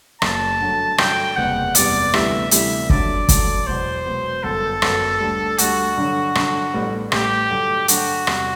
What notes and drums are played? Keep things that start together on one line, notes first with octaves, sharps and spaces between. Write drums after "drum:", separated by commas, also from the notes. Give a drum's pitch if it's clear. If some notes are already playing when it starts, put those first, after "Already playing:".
F#1 F#2 F#3 B3 A5, drum: rim click
G2 D3 F#3 A3
G2 D3 F#3 A3 G5, drum: rim click
F#1 E2 C3 G3 B3 F#5
F#1 E2 C3 G3 B3 D5, drum: hi-hat
D2 C3 E3 G3 B3 E5, drum: rim click
D2 C3 E3 G3 B3 E5, drum: hi-hat
G2 D3 F#3 D5, drum: kick
G2 D3 F#3, drum: kick, hi-hat
E1 E2 B2 F#3 B3 C5
E1 E2 B2 F#3 B3
G1 F#2 F#3 B3 A4
G1 F#2 F#3 B3, drum: rim click
D2 D3 G3
D2 D3 G3 F#4, drum: hi-hat
G2 D3 F#3
G2 D3 F#3, drum: rim click
A1 A2 G3 B3
A1 A2 G3 B3 G4, drum: rim click
G2 D3 F#3 A3
G2 D3 F#3 A3 F#4, drum: hi-hat
E2 C3 G3, drum: rim click